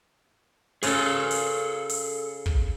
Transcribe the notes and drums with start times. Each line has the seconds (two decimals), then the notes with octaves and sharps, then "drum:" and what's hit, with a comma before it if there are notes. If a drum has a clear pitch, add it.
0.83 C#3 F4 G#4 A4 C#5, drum: open hi-hat
1.31 drum: open hi-hat
1.89 drum: open hi-hat
2.46 drum: kick